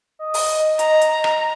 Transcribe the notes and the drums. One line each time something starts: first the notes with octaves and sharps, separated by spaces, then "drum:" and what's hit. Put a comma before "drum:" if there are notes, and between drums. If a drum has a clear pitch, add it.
D#5
drum: open hi-hat
A#5, drum: hi-hat
drum: hi-hat
drum: rim click